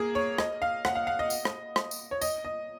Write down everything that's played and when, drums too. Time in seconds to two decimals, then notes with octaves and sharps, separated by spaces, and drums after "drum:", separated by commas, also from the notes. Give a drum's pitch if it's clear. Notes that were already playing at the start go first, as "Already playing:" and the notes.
Already playing: A#3 G#4
0.15 C#5
0.38 D#5, drum: rim click
0.62 F5
0.85 F#5, drum: rim click
0.95 F5
1.07 F5
1.19 D#5
1.30 drum: tambourine
1.45 drum: rim click
1.76 drum: rim click
1.91 drum: tambourine
2.11 C#5
2.21 D#5, drum: tambourine
2.45 D#5